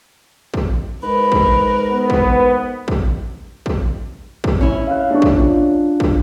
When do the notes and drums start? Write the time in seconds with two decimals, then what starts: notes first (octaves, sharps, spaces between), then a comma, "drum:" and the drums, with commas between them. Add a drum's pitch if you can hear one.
0.54 drum: kick
1.03 G#2 A#4 B4
1.32 drum: kick
1.90 B3
2.10 drum: kick
2.88 drum: kick
3.66 drum: kick
4.44 drum: kick
4.61 C#4 E4
4.87 F5 F#6
5.11 D4 A5 C#6
5.22 drum: kick
5.36 D4 F4
6.00 drum: kick